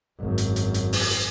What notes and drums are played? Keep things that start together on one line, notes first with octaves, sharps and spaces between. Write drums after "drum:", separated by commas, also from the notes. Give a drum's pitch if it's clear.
G#1 F#2
drum: hi-hat
drum: hi-hat
drum: hi-hat
drum: open hi-hat
drum: hi-hat